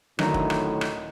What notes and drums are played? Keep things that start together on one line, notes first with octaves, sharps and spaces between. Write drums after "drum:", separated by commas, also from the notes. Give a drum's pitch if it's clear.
D#1 A2 D3 D#3 F#3 D#5 A#5, drum: rim click
drum: kick F1
drum: rim click
drum: rim click